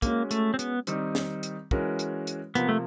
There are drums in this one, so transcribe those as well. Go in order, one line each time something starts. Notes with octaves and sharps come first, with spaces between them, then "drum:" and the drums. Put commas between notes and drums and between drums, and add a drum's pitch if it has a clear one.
G#3 A#3 C#4 F#4, drum: kick, hi-hat
A3, drum: hi-hat
C4
B3, drum: hi-hat
D#3 G3 C4 D#4, drum: hi-hat
drum: snare
drum: hi-hat
E3 G#3 C#4 F#4 A#4, drum: kick
drum: hi-hat
drum: hi-hat
C3 F3 A#3 B3, drum: hi-hat
A3